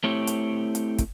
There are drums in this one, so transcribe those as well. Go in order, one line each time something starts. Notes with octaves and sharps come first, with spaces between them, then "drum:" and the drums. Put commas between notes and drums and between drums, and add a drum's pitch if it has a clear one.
A3 C4 E4 G4 C#5
drum: hi-hat
drum: hi-hat
drum: kick, hi-hat